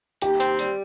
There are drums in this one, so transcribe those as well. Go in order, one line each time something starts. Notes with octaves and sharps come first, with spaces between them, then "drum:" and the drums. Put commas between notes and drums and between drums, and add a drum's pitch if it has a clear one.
D#2 G4, drum: hi-hat
C4, drum: hi-hat
G3, drum: hi-hat